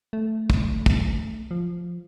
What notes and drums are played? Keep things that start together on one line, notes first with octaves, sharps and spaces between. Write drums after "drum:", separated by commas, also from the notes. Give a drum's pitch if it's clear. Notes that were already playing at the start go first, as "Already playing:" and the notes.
A3
drum: kick
drum: kick
F3